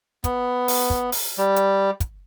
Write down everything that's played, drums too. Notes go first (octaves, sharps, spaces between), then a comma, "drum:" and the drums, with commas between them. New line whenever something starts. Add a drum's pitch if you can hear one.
B3, drum: kick, hi-hat
drum: open hi-hat
drum: kick
drum: open hi-hat
G3
drum: hi-hat
drum: kick, hi-hat